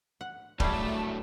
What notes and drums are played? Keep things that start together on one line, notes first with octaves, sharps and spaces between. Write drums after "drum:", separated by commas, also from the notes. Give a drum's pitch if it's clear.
F#5
A2 F#3 G3 A3 G#4 A5, drum: kick